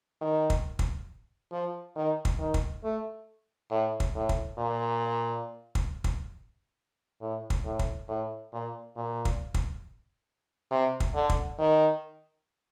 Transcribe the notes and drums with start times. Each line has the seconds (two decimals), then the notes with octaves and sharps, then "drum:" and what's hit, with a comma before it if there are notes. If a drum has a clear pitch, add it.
0.21 D#3
0.50 drum: kick
0.79 drum: kick
1.52 F3
1.96 D#3
2.25 drum: kick
2.39 D#3
2.54 drum: kick
2.83 A3
3.71 A2
4.00 drum: kick
4.15 A2
4.29 drum: kick
4.58 A#2
5.75 drum: kick
6.04 drum: kick
7.21 A2
7.50 drum: kick
7.65 A2
7.79 drum: kick
8.08 A2
8.52 A#2
8.96 A#2
9.25 drum: kick
9.54 drum: kick
10.71 C3
11.00 drum: kick
11.15 D3
11.30 drum: kick
11.59 D#3